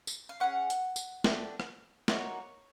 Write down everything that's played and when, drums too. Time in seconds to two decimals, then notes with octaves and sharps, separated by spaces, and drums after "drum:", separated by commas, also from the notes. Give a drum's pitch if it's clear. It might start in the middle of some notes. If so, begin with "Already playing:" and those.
0.07 drum: tambourine
0.29 F5
0.40 C#4 E4 G#4 F#5
0.70 drum: hi-hat
0.96 drum: tambourine
1.24 A3 D4 G4, drum: snare
1.60 drum: rim click
2.08 A#3 D#4 F#4 C#5, drum: snare